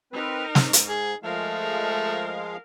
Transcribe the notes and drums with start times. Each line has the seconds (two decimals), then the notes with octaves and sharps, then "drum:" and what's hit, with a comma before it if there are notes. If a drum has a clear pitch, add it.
0.13 C4 D#4 A#4 B4
0.55 G#2, drum: snare
0.73 drum: hi-hat
0.88 G#4
1.23 F3 G#3 A3 A#4 F5
1.59 A#4